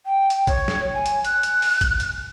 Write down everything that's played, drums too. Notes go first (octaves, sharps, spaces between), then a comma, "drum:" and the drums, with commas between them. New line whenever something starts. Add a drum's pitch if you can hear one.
G5
drum: hi-hat
C#5, drum: kick, hi-hat
drum: snare
G#5
drum: hi-hat
F#6, drum: hi-hat
drum: hi-hat
drum: open hi-hat
drum: kick, hi-hat
drum: hi-hat